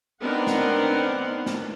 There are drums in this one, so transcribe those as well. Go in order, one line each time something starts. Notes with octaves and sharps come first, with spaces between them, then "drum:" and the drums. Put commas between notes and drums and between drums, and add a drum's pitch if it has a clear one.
B3 C4 D4 D#4 A#4 F#5
drum: snare
drum: snare